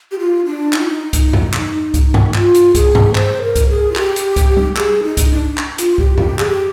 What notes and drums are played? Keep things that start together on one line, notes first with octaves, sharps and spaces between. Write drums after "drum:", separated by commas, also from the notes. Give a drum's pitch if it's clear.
G4
F4
D4
D#4, drum: clap
F4
D#4
drum: kick C2, hi-hat
drum: tom F2
drum: clap
drum: kick C2, hi-hat
drum: tom G2
F4, drum: clap
drum: hi-hat
G#4, drum: kick C2, hi-hat
drum: tom G2
C5, drum: clap
A#4
drum: kick C2, hi-hat
G#4
F4
G4, drum: clap
drum: hi-hat
drum: kick C2, hi-hat
drum: tom G3
G#4, drum: clap
D#4
drum: kick C2, hi-hat
D4
drum: clap
F4, drum: hi-hat
G4, drum: kick C2
G4, drum: tom F2
G#4, drum: clap
G4